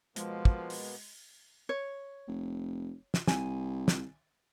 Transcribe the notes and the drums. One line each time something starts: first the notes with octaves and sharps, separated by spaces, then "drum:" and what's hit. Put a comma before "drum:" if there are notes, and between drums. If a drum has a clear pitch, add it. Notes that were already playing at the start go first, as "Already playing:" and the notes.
B2 F3 G#3 A#3 B3, drum: hi-hat
drum: kick
drum: open hi-hat
C#5
F1
drum: snare
C2 G#5, drum: snare
drum: snare